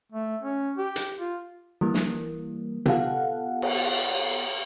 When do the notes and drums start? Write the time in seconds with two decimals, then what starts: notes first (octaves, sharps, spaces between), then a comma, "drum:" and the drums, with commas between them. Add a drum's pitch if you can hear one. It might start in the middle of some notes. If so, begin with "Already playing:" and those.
0.12 A3
0.41 C#4
0.78 G4
0.96 drum: hi-hat
1.20 F4
1.81 E3 G3 A#3
1.94 drum: snare
2.86 B3 F4 G4 A4 F5 F#5, drum: tom B2
3.62 drum: cymbal